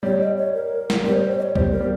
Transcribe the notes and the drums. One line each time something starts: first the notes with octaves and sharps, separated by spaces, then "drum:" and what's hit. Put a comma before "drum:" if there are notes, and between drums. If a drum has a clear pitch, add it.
G3 C#5
D#5
C#5
A#4
drum: snare
G3 A#4
C#5
C5
C#5
D#5
C#5
G3 C5, drum: kick B1
A#4
G3